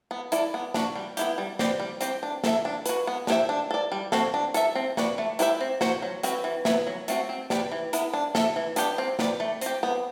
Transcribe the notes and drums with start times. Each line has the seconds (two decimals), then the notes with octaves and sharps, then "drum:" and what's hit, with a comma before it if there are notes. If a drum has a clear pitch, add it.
0.11 B3
0.32 E4 A4 D5, drum: hi-hat
0.54 B3
0.74 D4 F#4, drum: snare
0.95 G3
1.17 B3 E4 G4, drum: hi-hat
1.38 G3
1.59 C4 G4 B4 D5, drum: snare
1.80 G3
2.01 C4 G4, drum: hi-hat
2.23 D4
2.44 A4 C5 E5, drum: snare
2.65 D4
2.86 F#4 B4, drum: hi-hat
3.07 B3
3.27 D4 G4 C5 E5, drum: snare
3.49 D4
3.71 A4 D5
3.92 G3
4.12 C4 F#4 A4, drum: snare
4.34 D4
4.54 A4 E5, drum: hi-hat
4.75 C4
4.97 F#4 B4 D5, drum: snare
5.18 A3
5.39 E4 G4 B4 E5, drum: hi-hat
5.61 C4
5.81 F#4 C5, drum: snare
6.02 F#3
6.23 C4 F#4 B4, drum: hi-hat
6.44 E3
6.65 B3 E4 B4 E5, drum: snare
6.87 F#3
7.08 A3 C4 F#4, drum: hi-hat
7.29 C4
7.50 G4 B4 D5, drum: snare
7.72 E3
7.93 B3 E4 B4, drum: hi-hat
8.13 D4
8.35 A4 E5, drum: snare
8.56 E3
8.76 B3 D4 G4, drum: hi-hat
8.98 C4
9.19 G4 B4 D5, drum: snare
9.40 A3
9.61 C4 G4, drum: hi-hat
9.83 B3